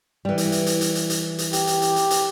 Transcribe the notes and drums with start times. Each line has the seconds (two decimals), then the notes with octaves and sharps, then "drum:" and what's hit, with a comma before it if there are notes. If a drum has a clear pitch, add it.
0.25 E3 G3
0.38 drum: hi-hat
0.52 drum: hi-hat
0.66 drum: hi-hat
0.81 drum: hi-hat
0.95 drum: hi-hat
1.10 drum: hi-hat
1.38 drum: hi-hat
1.53 G4, drum: hi-hat
1.67 drum: hi-hat
1.82 drum: hi-hat
1.96 drum: hi-hat
2.11 drum: hi-hat